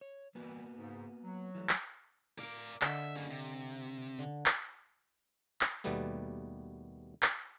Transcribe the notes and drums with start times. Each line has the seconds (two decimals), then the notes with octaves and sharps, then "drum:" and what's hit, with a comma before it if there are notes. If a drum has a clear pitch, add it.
0.01 C#5
0.35 E3 G3 A#3 B3 F#4
0.76 G#2 C#3
1.23 F#3
1.55 E3 G3 A3
1.69 drum: clap
2.39 A#4 D5 F5 D6
2.82 D3 D#5 E5, drum: clap
3.16 C#3 A#3
3.31 C3
4.19 D3
4.46 drum: clap
5.61 drum: clap
5.84 D#2 B2 G3 A3 B3
7.22 drum: clap